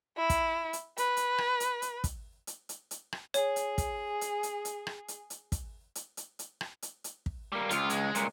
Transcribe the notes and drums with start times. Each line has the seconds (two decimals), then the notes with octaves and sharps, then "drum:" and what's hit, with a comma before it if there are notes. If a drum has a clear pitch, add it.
0.17 E4
0.30 drum: kick, hi-hat
0.73 drum: hi-hat
0.98 B4, drum: hi-hat
1.17 drum: hi-hat
1.38 drum: rim click
1.60 drum: hi-hat
1.82 drum: hi-hat
2.04 drum: kick, hi-hat
2.47 drum: hi-hat
2.69 drum: hi-hat
2.91 drum: hi-hat
3.13 drum: rim click
3.34 G#4 C#5, drum: hi-hat
3.56 drum: hi-hat
3.78 drum: kick, hi-hat
4.21 drum: hi-hat
4.43 drum: hi-hat
4.65 drum: hi-hat
4.87 drum: rim click
5.08 drum: hi-hat
5.30 drum: hi-hat
5.52 drum: kick, hi-hat
5.95 drum: hi-hat
6.17 drum: hi-hat
6.39 drum: hi-hat
6.61 drum: rim click
6.82 drum: hi-hat
7.04 drum: hi-hat
7.26 drum: kick
7.52 G3 A#3
7.70 C#2 F4, drum: hi-hat
7.90 G#3, drum: hi-hat
8.15 C#2 A#2, drum: hi-hat